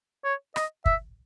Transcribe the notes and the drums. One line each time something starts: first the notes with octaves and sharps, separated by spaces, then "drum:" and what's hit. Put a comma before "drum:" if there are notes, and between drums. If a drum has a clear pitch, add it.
C#5
D#5, drum: rim click
E5, drum: kick